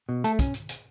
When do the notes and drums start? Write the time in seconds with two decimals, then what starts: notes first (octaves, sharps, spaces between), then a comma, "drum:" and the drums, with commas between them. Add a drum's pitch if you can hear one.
0.09 B2
0.24 A3 A4, drum: hi-hat
0.39 C#4, drum: kick, hi-hat
0.54 drum: hi-hat
0.69 drum: hi-hat